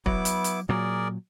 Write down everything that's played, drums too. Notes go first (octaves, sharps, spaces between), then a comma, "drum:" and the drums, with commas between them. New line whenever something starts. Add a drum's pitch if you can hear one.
F#3 B3 E4 D6, drum: kick
drum: hi-hat
drum: hi-hat
A#2 F#3 G#4 A#4 D5